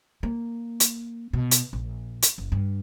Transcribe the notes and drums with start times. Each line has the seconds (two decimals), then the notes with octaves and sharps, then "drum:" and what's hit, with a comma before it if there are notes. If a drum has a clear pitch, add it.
0.23 A#3
0.80 drum: hi-hat
1.33 B2
1.51 drum: hi-hat
1.73 A#1
2.22 drum: hi-hat
2.38 F#1
2.52 G2